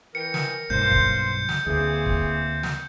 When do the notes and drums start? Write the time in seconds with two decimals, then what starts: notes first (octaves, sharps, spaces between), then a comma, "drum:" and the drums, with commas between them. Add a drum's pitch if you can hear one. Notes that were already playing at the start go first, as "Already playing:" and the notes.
0.15 E3 A#4 G5 C#7
0.34 drum: snare
0.70 B1 G2 A#3 C5 G6
0.91 drum: kick
1.49 drum: snare
1.67 D2 E3 A#3 C4 G#4
2.06 drum: kick
2.63 drum: snare